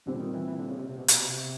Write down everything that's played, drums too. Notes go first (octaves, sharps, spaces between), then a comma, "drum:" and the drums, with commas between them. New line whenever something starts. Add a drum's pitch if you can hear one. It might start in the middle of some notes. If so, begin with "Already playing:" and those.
A#2 D3 G3 C4
D#3
E3
E3
D3
C#3
C3
C3
B2
B2, drum: hi-hat
C3
C3